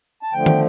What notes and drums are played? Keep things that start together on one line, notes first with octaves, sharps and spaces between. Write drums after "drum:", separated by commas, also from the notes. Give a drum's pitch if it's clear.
A5
D3 F3 A3 G5
drum: tom